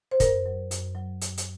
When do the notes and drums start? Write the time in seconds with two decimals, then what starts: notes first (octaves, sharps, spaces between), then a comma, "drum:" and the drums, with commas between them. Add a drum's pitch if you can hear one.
0.11 C5
0.20 F#2 A#4, drum: kick, hi-hat
0.46 F#3
0.71 F#2, drum: hi-hat
0.95 F#3
1.21 F#2, drum: hi-hat
1.38 drum: hi-hat